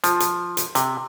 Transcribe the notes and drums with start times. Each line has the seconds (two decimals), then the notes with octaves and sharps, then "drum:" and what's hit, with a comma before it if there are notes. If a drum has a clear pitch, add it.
0.04 F3, drum: hi-hat
0.20 drum: hi-hat
0.57 drum: hi-hat
0.75 C3, drum: hi-hat